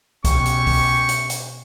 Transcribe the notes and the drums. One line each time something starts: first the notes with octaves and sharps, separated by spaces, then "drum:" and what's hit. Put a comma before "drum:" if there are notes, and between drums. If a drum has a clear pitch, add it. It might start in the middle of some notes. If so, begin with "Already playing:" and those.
B2 C#4 G4 C#6, drum: kick C2, hi-hat
drum: hi-hat
drum: kick C2, open hi-hat
drum: hi-hat
drum: hi-hat